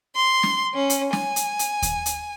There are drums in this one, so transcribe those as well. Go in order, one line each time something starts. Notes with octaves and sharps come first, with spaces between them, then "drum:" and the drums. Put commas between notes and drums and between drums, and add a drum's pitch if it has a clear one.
C6
drum: snare
C#4
drum: hi-hat
G#5, drum: snare
drum: hi-hat
drum: hi-hat
drum: kick D#2, hi-hat
drum: hi-hat